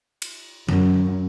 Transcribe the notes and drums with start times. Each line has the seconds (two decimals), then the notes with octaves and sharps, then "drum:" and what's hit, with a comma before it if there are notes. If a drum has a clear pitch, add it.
0.22 drum: cymbal
0.69 F#2, drum: tom D3